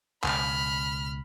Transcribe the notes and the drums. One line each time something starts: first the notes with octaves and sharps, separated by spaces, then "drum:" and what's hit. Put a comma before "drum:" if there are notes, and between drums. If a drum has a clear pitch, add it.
C#2 B2 B5 F6, drum: clap